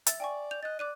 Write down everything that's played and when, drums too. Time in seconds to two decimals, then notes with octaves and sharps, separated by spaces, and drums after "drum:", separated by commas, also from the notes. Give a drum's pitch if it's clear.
0.06 E5 E6 A6, drum: hi-hat
0.20 D5 G5 G#5 C#6
0.51 G6 F7
0.63 D#5 F#6 A6
0.79 D5 D6 F#6 D#7